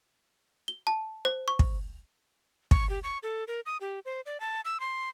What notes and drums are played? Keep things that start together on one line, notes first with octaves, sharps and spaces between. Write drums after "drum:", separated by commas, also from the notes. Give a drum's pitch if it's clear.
G7
A5
C5
C#6
drum: kick
C#6, drum: kick
G4
C#6
A4
A#4
D#6
G4
C5
D5
A5
E6
C6